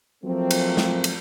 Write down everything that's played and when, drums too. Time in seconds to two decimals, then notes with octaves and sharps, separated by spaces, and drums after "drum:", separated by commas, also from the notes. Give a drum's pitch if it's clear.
0.24 F3 F#3 A3 A#3 C4
0.51 drum: cymbal
0.77 drum: snare
1.04 drum: cymbal